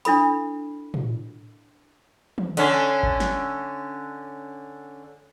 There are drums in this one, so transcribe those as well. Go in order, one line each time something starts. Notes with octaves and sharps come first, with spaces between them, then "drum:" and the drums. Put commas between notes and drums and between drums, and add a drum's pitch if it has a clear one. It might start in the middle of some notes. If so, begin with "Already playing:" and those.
D4 E4 A4 B5, drum: hi-hat
drum: tom
drum: tom
D3 C#4, drum: hi-hat
drum: kick G#1
drum: snare